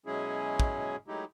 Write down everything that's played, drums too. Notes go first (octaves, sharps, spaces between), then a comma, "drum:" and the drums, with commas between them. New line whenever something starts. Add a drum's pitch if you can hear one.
B2 F#3 G#3 C#4 E4 G#4
drum: kick
F#3 G#3 A3 D#4 E4 G4